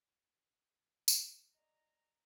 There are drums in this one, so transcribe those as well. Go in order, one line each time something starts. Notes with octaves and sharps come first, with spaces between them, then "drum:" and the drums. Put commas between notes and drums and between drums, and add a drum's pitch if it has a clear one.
drum: tambourine
D5 D#5 A#5